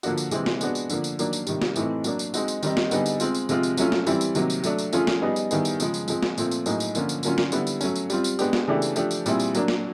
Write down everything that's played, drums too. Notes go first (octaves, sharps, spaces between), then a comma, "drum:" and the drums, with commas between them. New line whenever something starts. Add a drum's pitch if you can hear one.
D3 F3 A#3 D4 F#4, drum: tambourine
drum: tambourine
C3 E3 G#3 C4, drum: tambourine
drum: snare
G#3 B3 D4 F#4, drum: tambourine
drum: tambourine
D3 F3 A#3 D4, drum: tambourine
drum: tambourine
D#3 F#3 A#3 D4, drum: tambourine
drum: tambourine
C3 D#3 G3, drum: tambourine
drum: snare
A2 E3 A3 C4 D#4, drum: tambourine
F#3 A#3 D4, drum: tambourine
drum: tambourine
G#3 C4 D#4 F#4, drum: tambourine
drum: tambourine
D#3 G3 C4 D#4, drum: tambourine
drum: snare
D3 G3 B3 D#4 G#4, drum: tambourine
drum: tambourine
G#3 C4 F4, drum: tambourine
drum: tambourine
C3 F3 G#3 C4 F4, drum: tambourine
drum: tambourine
F#3 A3 C#4 F4, drum: tambourine
drum: snare
E3 G3 C4 E4, drum: tambourine
drum: tambourine
C3 D#3 F#3 A#3, drum: tambourine
drum: tambourine
F#3 A3 D4, drum: tambourine
drum: tambourine
F3 A3 C#4 F4 G#4, drum: tambourine
drum: snare
G3 B3 D#4 G#4
drum: tambourine
D#3 G3 B3 E4 G#4, drum: tambourine
drum: tambourine
C#3 F3 G#3, drum: tambourine
drum: tambourine
F3 G#3 C4, drum: tambourine
drum: snare
A#2 F3 A3 C4, drum: tambourine
drum: tambourine
A2 F#3 A#3 D#4 G#4, drum: tambourine
drum: tambourine
D3 F3 A#3 C#4 F4, drum: tambourine
drum: tambourine
D3 F#3 A#3 C#4 F4, drum: tambourine
drum: snare
D3 G3 B3 E4, drum: tambourine
drum: tambourine
F#3 A3 C#4, drum: tambourine
drum: tambourine
G3 C4 F4, drum: tambourine
drum: tambourine
G#3 B3 D4 G4, drum: tambourine
drum: snare
C#3 E3 A3 D4 G4
drum: tambourine
F3 A3 D4 G4, drum: tambourine
drum: tambourine
A#2 G3 C4 E4 G#4, drum: tambourine
drum: tambourine
F#3 A#3 D4, drum: tambourine
drum: snare